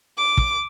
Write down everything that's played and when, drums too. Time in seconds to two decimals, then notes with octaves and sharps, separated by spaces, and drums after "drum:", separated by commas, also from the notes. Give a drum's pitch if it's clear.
0.18 D6
0.37 drum: kick